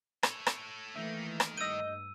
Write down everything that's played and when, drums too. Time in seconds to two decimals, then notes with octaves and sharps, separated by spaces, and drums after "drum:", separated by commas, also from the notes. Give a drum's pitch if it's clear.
0.23 A4 C#5, drum: rim click
0.47 drum: rim click
0.95 D#3 E3 A3 A#3 D#4 E5
1.40 drum: rim click
1.57 G2 D#5 E6 G6 D#7